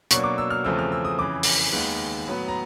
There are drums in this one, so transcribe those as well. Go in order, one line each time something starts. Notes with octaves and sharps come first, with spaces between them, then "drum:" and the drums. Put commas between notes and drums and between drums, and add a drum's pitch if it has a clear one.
B2 F#3 A#3 D4 C#6, drum: hi-hat
D6
E6
F6
E2 C#3 F3 A3 C4 E6
F6
E6
D#6
F2 C#3 E3 D6
drum: open hi-hat
D#2 D#3 G#3 B3
A2 F#3 B3
A#5